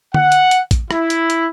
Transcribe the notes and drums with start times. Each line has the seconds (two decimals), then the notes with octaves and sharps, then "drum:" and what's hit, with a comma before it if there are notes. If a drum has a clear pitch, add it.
0.14 F#5, drum: tom D3
0.32 drum: hi-hat
0.51 drum: hi-hat
0.71 drum: kick, hi-hat
0.91 E4, drum: rim click
1.10 drum: hi-hat
1.30 drum: hi-hat